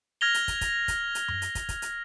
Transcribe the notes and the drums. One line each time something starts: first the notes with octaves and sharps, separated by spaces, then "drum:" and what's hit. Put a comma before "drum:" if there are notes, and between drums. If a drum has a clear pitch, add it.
F6 G#6 A#6 F7 G7
drum: hi-hat
drum: kick, hi-hat
drum: kick, hi-hat
drum: kick, hi-hat
drum: hi-hat
drum: tom F#2
drum: hi-hat
drum: kick, hi-hat
drum: kick, hi-hat
drum: hi-hat